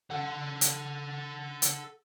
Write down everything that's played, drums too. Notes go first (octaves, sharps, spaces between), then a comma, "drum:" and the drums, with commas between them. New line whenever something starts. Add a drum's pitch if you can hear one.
A4 F#5
drum: hi-hat
drum: hi-hat